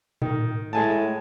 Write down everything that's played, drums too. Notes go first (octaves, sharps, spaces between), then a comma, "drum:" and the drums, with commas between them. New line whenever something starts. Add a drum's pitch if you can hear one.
D#3, drum: tom A2
A2 G#3 G#5 A5